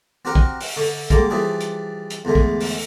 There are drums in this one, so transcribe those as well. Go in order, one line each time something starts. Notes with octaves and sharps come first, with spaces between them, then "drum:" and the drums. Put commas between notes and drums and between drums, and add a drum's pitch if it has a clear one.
C4 F#4 G4 A#4 F#5
drum: kick
drum: open hi-hat
D3 C#6
D3 G3 G#3 A#3, drum: kick, hi-hat
E3 F3 G3 D4 G#4
drum: hi-hat
drum: hi-hat
E2 D3 G#3 A3
drum: kick
drum: open hi-hat